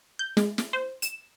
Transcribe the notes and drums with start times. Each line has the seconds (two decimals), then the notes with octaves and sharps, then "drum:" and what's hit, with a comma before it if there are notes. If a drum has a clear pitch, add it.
0.19 G6
0.37 G#3, drum: snare
0.58 drum: snare
0.73 C5
1.02 E7, drum: hi-hat